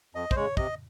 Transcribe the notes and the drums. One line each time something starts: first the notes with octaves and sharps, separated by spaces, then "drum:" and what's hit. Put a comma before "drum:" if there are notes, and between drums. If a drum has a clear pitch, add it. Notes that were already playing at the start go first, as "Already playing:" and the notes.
F2 D#5
C5, drum: kick
C#3 G#3 C#5
C3 D#5, drum: kick